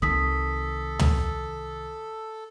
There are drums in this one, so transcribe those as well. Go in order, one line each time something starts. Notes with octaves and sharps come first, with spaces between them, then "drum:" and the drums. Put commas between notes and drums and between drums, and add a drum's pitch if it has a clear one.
C2 D#3 A4 D#6 B6
drum: tom